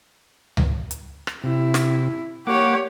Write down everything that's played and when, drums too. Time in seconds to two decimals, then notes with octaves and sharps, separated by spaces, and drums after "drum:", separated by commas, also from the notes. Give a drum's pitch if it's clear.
0.57 drum: tom C#2
0.91 drum: hi-hat
1.27 drum: rim click
1.44 C3 E4
1.74 drum: snare
2.47 A#3 G4 C#5 F#5 D6